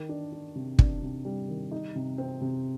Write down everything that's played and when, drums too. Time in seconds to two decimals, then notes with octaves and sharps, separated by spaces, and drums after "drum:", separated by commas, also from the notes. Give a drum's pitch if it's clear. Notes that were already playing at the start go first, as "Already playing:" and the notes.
Already playing: D#3
0.09 D4
0.32 D4
0.56 C3
0.79 D4, drum: kick
1.02 C3
1.25 G3
1.48 D#3
1.72 D#4
1.96 C3
2.18 C4
2.41 C3